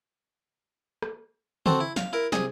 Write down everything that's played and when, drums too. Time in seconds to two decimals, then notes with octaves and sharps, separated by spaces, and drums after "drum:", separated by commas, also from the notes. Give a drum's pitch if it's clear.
1.02 drum: rim click
1.66 C4 F#4 A4 C5, drum: tom
1.80 E4
1.96 F5, drum: snare
2.13 E4 A#4
2.32 C2 G#4, drum: snare